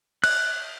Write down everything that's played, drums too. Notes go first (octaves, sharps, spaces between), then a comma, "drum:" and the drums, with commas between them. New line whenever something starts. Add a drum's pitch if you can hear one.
F#6, drum: cymbal